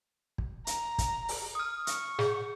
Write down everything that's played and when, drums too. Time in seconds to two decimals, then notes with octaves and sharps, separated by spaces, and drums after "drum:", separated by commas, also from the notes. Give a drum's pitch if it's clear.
0.38 drum: kick
0.67 A#5, drum: hi-hat
0.98 drum: kick, hi-hat
1.28 drum: open hi-hat
1.55 D#6 F6
1.87 C#6, drum: hi-hat
2.19 G#4, drum: snare